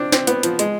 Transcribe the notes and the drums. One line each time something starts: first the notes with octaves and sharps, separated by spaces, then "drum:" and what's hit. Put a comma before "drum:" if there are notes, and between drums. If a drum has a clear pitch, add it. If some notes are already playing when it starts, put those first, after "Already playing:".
Already playing: C4 D4
C4, drum: snare
B3, drum: hi-hat
F3, drum: hi-hat
G#3, drum: hi-hat